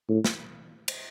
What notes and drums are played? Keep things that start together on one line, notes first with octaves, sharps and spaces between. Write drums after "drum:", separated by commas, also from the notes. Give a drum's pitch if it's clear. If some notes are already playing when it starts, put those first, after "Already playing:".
A2
drum: snare
drum: cymbal